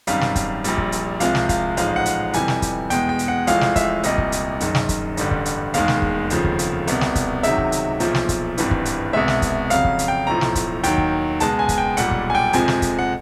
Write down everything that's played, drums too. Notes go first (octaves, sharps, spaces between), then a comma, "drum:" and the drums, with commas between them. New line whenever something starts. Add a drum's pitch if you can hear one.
G#1 F#2 D#3 G3 F5, drum: hi-hat
drum: snare
drum: kick, hi-hat
A#1 A#2 G3, drum: hi-hat
drum: kick
drum: hi-hat
C2 C3 F3 G#3 F5, drum: hi-hat
drum: snare
F5, drum: kick, hi-hat
A1 G#2 F3 G#3 F5, drum: hi-hat
F#5
drum: hi-hat
F2 C3 E3 G3 G#5, drum: hi-hat
drum: snare
drum: kick, hi-hat
E2 B2 G#3 G5, drum: hi-hat
G5
drum: hi-hat
F#5
A1 A2 F3 G#3 F5, drum: hi-hat
drum: snare
E5, drum: kick, hi-hat
C2 A#2 G3 D#5, drum: hi-hat
drum: kick
drum: hi-hat
F#1 F#2 D#3, drum: hi-hat
drum: snare
drum: kick, hi-hat
A1 G2 D3 G3, drum: hi-hat
drum: kick
drum: hi-hat
E1 D#2 D#3 G#3 F5, drum: hi-hat
drum: snare
drum: kick
F1 D#2 C#3 F3, drum: hi-hat
drum: kick
drum: hi-hat
C2 B2 G3, drum: hi-hat
drum: snare
drum: kick, hi-hat
C#2 C3 D#3 F#3 E5, drum: hi-hat
drum: kick
drum: hi-hat
B1 A#2 F3, drum: hi-hat
drum: snare
drum: kick, hi-hat
G#1 G2 E3 G3, drum: hi-hat
drum: kick
drum: hi-hat
C2 B2 G#3 E5
drum: snare
drum: kick, hi-hat
F2 C#3 F#3 F5, drum: hi-hat
drum: kick
drum: hi-hat
G5
B1 A2 F3 A#5
drum: snare
drum: kick, hi-hat
D#2 D#3 F#3 G5, drum: hi-hat
drum: kick
C#2 B2 G#3 A5, drum: hi-hat
G#5
drum: kick, hi-hat
G5
B1 A#2 G3 F#5, drum: hi-hat
drum: kick
G#5
G5
F2 C3 F3 G#3 G#5, drum: hi-hat
drum: snare
drum: kick, hi-hat
F#5